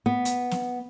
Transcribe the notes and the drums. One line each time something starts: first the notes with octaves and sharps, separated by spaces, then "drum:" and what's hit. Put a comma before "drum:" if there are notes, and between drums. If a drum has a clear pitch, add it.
B3
drum: hi-hat
drum: snare